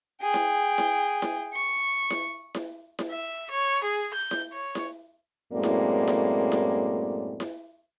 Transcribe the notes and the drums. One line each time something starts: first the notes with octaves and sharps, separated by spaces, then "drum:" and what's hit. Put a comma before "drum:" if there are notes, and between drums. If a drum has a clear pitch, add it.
G#4 G5
drum: snare E4
drum: snare E4
drum: snare E4
C#6
drum: snare E4
drum: snare E4
drum: snare E4
E5
C#5
G#4
G6
drum: snare E4
C#5
drum: snare E4
F#2 A2 G#3 A#3 C4 D5
drum: snare E4
drum: snare E4
drum: snare E4
drum: snare E4